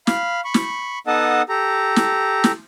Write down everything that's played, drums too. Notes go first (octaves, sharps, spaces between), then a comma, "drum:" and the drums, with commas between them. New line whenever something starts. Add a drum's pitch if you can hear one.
F5 B5, drum: snare
B5 C#6
drum: snare
B3 D#4 A4 D#5 F#5 A5
G4 A4 A#5
drum: snare
drum: snare